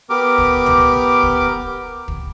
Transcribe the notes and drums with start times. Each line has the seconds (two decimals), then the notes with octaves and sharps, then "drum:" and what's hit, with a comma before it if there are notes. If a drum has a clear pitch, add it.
0.10 B3 G4 A#4 D6
0.38 drum: kick
0.66 drum: tom C#2
1.23 drum: kick
2.08 drum: kick